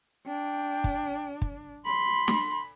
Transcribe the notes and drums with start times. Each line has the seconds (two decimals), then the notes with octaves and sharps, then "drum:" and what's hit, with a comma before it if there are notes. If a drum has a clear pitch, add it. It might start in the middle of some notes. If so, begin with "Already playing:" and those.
0.27 D4 G5
0.84 drum: kick
1.42 drum: kick
1.85 B5 C6
2.28 drum: snare